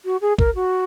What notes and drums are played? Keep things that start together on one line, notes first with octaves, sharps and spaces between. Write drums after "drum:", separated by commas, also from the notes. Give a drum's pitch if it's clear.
F#4
G#4
A#4, drum: kick
F#4